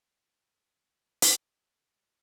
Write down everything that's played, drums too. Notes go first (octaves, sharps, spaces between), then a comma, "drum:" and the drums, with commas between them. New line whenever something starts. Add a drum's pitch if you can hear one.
G#5
drum: hi-hat
D#5